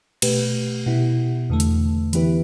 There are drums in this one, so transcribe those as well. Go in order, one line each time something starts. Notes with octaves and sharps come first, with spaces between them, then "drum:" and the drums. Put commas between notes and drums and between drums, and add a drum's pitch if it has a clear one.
B2 A3 G4 B4, drum: cymbal
B2 B3 E4 G4
E2 D3 A3
drum: hi-hat
E3 B3 E4 G4 B4, drum: hi-hat